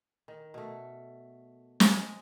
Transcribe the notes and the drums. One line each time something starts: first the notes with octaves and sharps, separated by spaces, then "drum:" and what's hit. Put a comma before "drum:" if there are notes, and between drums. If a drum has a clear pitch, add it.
D#3
B2 A3
G#3 D#5, drum: snare